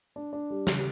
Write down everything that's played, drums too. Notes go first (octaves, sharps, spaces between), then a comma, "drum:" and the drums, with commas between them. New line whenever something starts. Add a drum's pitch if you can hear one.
D4
D4
G3
C#3, drum: snare